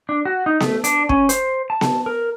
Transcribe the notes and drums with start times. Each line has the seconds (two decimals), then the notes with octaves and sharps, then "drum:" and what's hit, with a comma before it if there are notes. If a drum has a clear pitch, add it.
0.09 D4
0.25 F#4
0.46 D#4
0.60 A3, drum: snare B3
0.84 D4, drum: hi-hat
1.09 C#4, drum: kick
1.29 C5, drum: hi-hat
1.70 A5
1.81 drum: snare B3
2.06 A#4